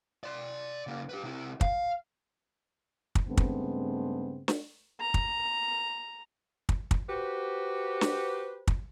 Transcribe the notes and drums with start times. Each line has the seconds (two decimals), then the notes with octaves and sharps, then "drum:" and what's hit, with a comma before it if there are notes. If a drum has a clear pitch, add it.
0.24 D5 C6
0.87 C#3 A#3
1.09 G4 B4
1.23 C3 E4
1.61 F5, drum: kick
3.15 drum: kick
3.27 G2 C#3 G#3 A3 B3 C4
3.37 drum: kick
4.48 drum: snare
5.00 A#5
5.14 drum: kick
6.69 drum: kick
6.91 drum: kick
7.09 F#4 G4 B4 C5
8.01 drum: snare
8.67 drum: kick